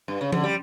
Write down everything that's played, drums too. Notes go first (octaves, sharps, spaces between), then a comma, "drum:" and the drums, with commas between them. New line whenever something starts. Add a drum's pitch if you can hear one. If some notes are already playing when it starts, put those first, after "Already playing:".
G2
C#3
D3, drum: tom F3
G3